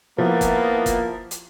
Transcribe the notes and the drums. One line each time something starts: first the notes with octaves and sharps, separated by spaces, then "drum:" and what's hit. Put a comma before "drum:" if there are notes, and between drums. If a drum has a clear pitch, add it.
F3 A#3 B3 E4
drum: kick F#1, hi-hat
drum: kick F#1, hi-hat
drum: hi-hat